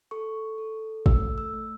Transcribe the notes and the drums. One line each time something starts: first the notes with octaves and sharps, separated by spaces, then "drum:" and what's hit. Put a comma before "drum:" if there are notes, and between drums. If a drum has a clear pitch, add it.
A4 C#6
A4
A3 E6, drum: kick
E6
A3